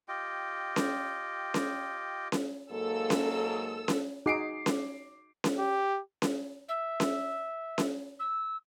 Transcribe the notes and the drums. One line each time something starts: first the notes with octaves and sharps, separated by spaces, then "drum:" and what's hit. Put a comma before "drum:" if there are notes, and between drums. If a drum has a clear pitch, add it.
F4 G4 D#5 G5
drum: snare C#4
drum: snare C#4
drum: snare C#4
G#2 F#3 A#3 A4 E6
drum: snare C#4
drum: snare C#4
D#4 F#4 G#4 D6 C7 D7
drum: snare C#4
drum: snare C#4
G4
drum: snare C#4
E5
drum: snare C#4
drum: snare C#4
E6